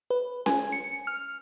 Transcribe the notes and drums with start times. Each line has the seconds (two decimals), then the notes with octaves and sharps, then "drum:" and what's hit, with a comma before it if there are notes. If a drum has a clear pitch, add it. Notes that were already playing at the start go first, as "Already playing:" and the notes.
0.10 B4
0.46 G#5, drum: snare C#4
0.72 C#7
1.07 F6